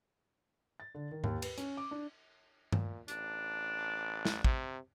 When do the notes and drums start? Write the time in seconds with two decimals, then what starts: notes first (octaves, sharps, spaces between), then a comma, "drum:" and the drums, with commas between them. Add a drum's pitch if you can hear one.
0.80 A6
0.95 D3
1.11 D#3
1.24 D#2, drum: tom
1.42 B4, drum: cymbal
1.58 C#4, drum: hi-hat
1.77 D6
1.91 D4
2.72 A#2, drum: tom G2
3.08 A1 D4, drum: hi-hat
4.25 drum: snare
4.44 C3, drum: kick